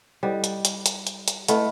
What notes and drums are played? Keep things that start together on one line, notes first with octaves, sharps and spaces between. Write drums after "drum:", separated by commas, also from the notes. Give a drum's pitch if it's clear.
G3 E4 A4 C5 D#5 F#5
drum: hi-hat
drum: hi-hat
drum: hi-hat
drum: hi-hat
drum: hi-hat
A3 E4 B4 D#5 F#5 B5, drum: hi-hat